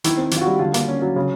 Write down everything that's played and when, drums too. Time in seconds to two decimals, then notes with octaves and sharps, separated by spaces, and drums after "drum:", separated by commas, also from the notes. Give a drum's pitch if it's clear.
0.04 D#3 E4, drum: hi-hat
0.17 C4
0.31 D#3 F4, drum: hi-hat
0.41 F#4
0.46 G3
0.59 D3 F4
0.74 A#3, drum: hi-hat
0.88 C#4
1.02 F#3
1.16 C#3